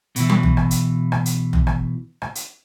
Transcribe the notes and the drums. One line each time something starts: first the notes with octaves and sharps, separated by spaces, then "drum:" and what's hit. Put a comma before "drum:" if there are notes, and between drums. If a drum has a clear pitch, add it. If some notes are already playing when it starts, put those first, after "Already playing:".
B2 E3, drum: hi-hat
drum: tom
drum: tom
drum: rim click
drum: hi-hat
drum: rim click
drum: hi-hat
drum: tom
drum: rim click
drum: rim click
drum: hi-hat